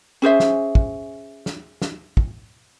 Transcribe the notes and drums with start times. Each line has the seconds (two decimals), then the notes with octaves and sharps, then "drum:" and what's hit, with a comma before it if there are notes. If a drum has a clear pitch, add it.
0.22 C#4 G#4 C5 E5
0.40 drum: snare
0.75 drum: kick
1.46 drum: snare
1.82 drum: snare
2.17 drum: kick